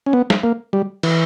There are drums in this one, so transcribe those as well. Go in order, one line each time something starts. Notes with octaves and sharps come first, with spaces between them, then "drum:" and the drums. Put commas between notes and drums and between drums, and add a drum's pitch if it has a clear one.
C#4
B3
drum: snare
A#3
G3
E3, drum: cymbal